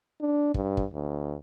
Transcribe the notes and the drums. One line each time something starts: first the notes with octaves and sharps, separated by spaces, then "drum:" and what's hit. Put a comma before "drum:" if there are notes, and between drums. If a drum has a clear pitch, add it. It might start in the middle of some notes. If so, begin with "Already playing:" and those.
D4
G2, drum: kick
drum: kick
D2